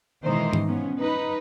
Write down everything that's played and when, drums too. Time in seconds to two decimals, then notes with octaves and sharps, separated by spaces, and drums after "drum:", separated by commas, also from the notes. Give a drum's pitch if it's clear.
0.24 B2 D#3 E3 G#3 D#4 C5
0.53 drum: tom G#2
0.66 F3 B3 C#4
0.99 D#4 B4